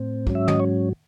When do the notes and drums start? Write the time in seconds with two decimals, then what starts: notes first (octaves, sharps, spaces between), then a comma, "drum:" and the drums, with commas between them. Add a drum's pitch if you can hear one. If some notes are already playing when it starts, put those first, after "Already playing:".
Already playing: A2 C4
0.27 G#2 F#3 C#4, drum: kick
0.35 E5
0.48 D#5, drum: tom
0.60 C#5